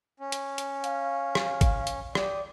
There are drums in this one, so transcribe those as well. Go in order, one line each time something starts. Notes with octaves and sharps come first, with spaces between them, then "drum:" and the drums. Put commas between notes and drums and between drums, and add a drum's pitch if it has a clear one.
C#4
drum: hi-hat
drum: hi-hat
F5, drum: hi-hat
drum: rim click
drum: kick, hi-hat
drum: hi-hat
G4 D5 D#6, drum: rim click